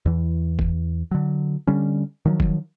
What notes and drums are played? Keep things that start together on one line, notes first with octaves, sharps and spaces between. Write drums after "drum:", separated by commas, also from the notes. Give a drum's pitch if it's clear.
E2 E3
drum: kick
D3 F#3
D3 G3 C#4
D#3 F3 F#3
drum: kick